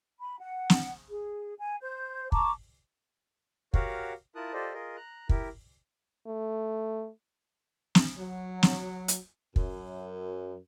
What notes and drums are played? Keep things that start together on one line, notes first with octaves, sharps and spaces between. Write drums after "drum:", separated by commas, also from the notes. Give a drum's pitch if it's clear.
B5
F#5
drum: snare
G#4
G#5
C5 G6
A5 A#5 C#6 D6, drum: kick
F#4 G4 A#4 C#5 F5 F#5, drum: kick
E4 F4 A#4 A5 D#6 F#6
F4 G4 A4 C5 D5 D#5
F4 G#4 A#4 D#5
A#5 F#6
E4 G4 A#4, drum: kick
A3
drum: snare
F#3
drum: snare
drum: hi-hat
F#2, drum: kick